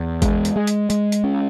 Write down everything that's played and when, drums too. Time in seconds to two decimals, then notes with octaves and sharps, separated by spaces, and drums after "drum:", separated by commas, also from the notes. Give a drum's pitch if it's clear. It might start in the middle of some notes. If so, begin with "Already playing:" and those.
Already playing: E2
0.22 G#3, drum: kick G#1, hi-hat
0.45 drum: hi-hat
0.56 G#3
0.67 drum: hi-hat
0.90 G#3, drum: hi-hat
1.12 drum: hi-hat
1.24 C#4